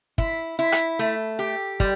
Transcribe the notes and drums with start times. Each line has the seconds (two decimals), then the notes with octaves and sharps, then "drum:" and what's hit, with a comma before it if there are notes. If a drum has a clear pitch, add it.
0.18 E4, drum: kick
0.59 E4
0.72 drum: rim click
0.99 A3
1.39 G4
1.80 G3, drum: kick